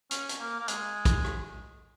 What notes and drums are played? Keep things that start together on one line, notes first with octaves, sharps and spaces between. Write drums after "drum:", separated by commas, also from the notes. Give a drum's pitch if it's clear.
C#4, drum: hi-hat
drum: hi-hat
A#3
A#3
G#3, drum: hi-hat
drum: kick, hi-hat
drum: rim click